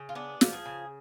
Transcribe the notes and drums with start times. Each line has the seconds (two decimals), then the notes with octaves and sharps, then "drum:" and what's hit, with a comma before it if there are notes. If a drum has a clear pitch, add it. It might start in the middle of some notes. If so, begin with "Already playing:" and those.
Already playing: C#3
0.09 F4
0.15 B3 D4
0.41 F3, drum: snare
0.53 G#4
0.65 C#3